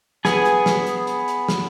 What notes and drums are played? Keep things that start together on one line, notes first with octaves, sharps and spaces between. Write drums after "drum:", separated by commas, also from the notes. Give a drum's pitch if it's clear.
B3 G#4 G#5, drum: snare
drum: hi-hat
drum: snare
drum: hi-hat
drum: hi-hat
drum: hi-hat
drum: snare